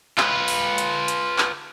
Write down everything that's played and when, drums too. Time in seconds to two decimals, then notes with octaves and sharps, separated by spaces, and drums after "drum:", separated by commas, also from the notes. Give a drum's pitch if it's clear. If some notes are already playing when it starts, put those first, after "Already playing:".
0.18 F4 B4, drum: clap
0.48 drum: open hi-hat
0.78 drum: hi-hat
1.08 drum: hi-hat
1.38 drum: clap